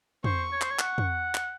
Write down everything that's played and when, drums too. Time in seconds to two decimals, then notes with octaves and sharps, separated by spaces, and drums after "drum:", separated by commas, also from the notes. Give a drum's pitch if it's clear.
0.24 C5 C#6, drum: tom
0.52 C#5
0.61 C5, drum: clap
0.71 C#5
0.79 F#5, drum: clap
0.98 drum: tom
1.35 drum: clap